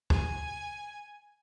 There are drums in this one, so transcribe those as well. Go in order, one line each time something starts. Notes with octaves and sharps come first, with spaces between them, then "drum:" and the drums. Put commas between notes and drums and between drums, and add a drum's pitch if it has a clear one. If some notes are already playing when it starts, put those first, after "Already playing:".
G#5, drum: kick